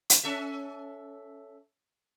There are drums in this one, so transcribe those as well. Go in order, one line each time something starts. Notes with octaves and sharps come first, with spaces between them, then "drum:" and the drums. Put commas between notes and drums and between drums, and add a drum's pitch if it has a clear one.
drum: hi-hat
C#4 A4 E5